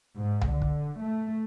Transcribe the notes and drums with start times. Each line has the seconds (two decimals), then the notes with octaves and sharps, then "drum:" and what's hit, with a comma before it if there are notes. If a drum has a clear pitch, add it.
0.17 G#2
0.41 drum: tom C2
0.52 D3
0.62 drum: kick
1.02 A3